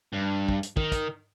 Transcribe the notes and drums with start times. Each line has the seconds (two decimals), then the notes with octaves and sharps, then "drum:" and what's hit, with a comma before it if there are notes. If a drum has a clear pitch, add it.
0.13 G2
0.48 drum: kick
0.63 drum: hi-hat
0.77 D#3, drum: kick
0.92 drum: kick, hi-hat